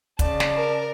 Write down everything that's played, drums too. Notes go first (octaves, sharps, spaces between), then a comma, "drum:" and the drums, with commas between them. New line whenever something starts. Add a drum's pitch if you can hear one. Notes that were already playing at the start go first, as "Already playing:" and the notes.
C#3 D5 A5, drum: kick, hi-hat
drum: snare
A#4